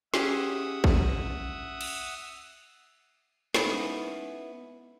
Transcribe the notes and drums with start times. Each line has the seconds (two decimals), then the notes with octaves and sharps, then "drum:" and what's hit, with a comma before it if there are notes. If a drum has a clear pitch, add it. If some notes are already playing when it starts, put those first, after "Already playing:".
0.14 C#4 G4 G#4 E5 F#5 D#6, drum: snare
0.84 drum: kick
1.81 drum: cymbal
3.54 G#3 B3 C#4 D#4 E4 A4, drum: snare